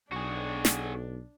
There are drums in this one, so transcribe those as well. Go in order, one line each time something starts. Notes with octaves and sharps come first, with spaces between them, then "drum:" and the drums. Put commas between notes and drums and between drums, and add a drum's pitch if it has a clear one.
B1 D4 F#4 G#4
drum: snare